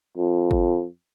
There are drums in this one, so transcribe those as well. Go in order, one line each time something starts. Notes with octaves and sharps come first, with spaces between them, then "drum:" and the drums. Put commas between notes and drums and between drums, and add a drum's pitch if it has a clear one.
F2
drum: kick G1